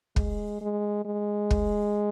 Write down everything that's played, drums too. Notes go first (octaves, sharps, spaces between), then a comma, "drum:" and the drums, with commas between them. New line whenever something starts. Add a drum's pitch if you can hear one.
G#3, drum: kick
G#3
G#3
drum: kick